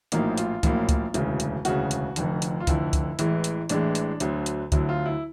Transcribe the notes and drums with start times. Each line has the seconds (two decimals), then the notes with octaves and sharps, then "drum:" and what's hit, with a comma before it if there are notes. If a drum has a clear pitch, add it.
0.12 A#1 A2 F#3 A#3 D#4, drum: hi-hat
0.38 F4, drum: hi-hat
0.63 A#1 A2 F#3 A#3, drum: kick C#2, hi-hat
0.89 drum: kick C#2, hi-hat
1.14 E1 D2 C#3, drum: hi-hat
1.40 drum: hi-hat
1.65 E1 D2 C#3 F#4, drum: hi-hat
1.91 drum: hi-hat
2.16 F1 F2 D3, drum: hi-hat
2.42 drum: hi-hat
2.61 F4
2.67 F1 F2 D3 E4, drum: kick C#2, hi-hat
2.93 drum: kick C#2, hi-hat
3.19 A1 A2 E3 G#3, drum: hi-hat
3.44 drum: hi-hat
3.69 A1 A2 E3 G#3 D4, drum: hi-hat
3.95 drum: hi-hat
4.20 D2 D3 F#3, drum: hi-hat
4.46 drum: hi-hat
4.72 D2 D3 F#3 E4, drum: kick C#2, hi-hat
4.89 F4
5.06 E4